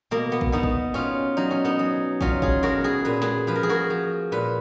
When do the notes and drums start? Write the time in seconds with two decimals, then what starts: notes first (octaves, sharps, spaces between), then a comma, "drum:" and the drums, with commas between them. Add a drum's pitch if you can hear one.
0.11 B2 A#3
0.32 B3
0.41 drum: kick
0.52 B2 B3 D#4
0.63 drum: kick
0.94 B2 C#4 F4
1.37 F#3 D#4
1.51 C#4
1.65 B3 D#4
1.79 F#3
2.21 F#3 C#4 F4, drum: kick
2.42 F4 G#4, drum: kick
2.63 B2 F#4 A#4
2.84 G#4 B4
3.05 A#2 B4
3.22 G#4 B4, drum: snare
3.47 F3 B4
3.55 A#4
3.63 G#4
3.69 F#4 A#4
3.90 F3
4.32 A#2 B4